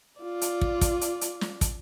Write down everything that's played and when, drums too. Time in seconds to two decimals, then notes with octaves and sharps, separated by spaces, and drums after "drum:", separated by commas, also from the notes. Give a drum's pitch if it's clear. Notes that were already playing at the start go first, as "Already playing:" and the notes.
0.21 F4 D5
0.41 drum: hi-hat
0.61 drum: kick
0.81 drum: kick, hi-hat
1.01 drum: hi-hat
1.21 drum: hi-hat
1.41 drum: snare
1.61 drum: kick, hi-hat